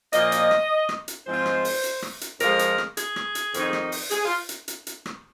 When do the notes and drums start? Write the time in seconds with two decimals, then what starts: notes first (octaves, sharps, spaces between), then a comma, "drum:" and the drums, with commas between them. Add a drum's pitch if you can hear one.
0.13 A#2 F3 A#3 D#5, drum: hi-hat
0.32 drum: hi-hat
0.51 drum: rim click
0.89 drum: rim click
1.08 drum: hi-hat
1.27 G#2 F3 G#3 C4 F4 C5
1.46 drum: rim click
1.65 drum: open hi-hat
1.84 drum: hi-hat
2.02 drum: rim click
2.21 drum: hi-hat
2.40 F2 F3 G#3 A#4, drum: hi-hat
2.59 drum: hi-hat
2.78 drum: rim click
2.97 G#4, drum: hi-hat
3.16 drum: rim click
3.35 drum: hi-hat
3.54 F2 D#3 C4 D#4, drum: hi-hat
3.73 drum: rim click
3.92 drum: open hi-hat
4.11 G#4, drum: hi-hat
4.25 F4
4.49 drum: hi-hat
4.68 drum: hi-hat
4.87 drum: hi-hat
5.06 drum: rim click